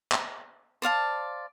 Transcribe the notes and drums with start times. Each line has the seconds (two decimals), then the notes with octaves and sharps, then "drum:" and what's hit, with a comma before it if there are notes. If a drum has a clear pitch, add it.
0.12 drum: clap
0.82 C5 D5 F5 A5